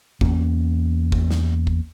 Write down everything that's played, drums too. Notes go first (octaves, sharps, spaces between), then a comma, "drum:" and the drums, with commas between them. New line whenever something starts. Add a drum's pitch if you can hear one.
E2 A#3 C#4, drum: kick
drum: kick
drum: snare
drum: kick